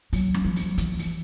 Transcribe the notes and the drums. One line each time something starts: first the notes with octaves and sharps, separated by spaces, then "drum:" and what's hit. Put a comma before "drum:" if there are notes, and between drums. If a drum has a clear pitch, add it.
F#3, drum: open hi-hat
drum: snare
F3
drum: open hi-hat
E3, drum: hi-hat
drum: open hi-hat